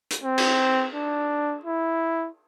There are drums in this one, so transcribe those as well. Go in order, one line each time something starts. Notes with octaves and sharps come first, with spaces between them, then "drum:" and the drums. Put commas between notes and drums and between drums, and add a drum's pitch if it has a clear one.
drum: hi-hat
C4
drum: cymbal
D4
E4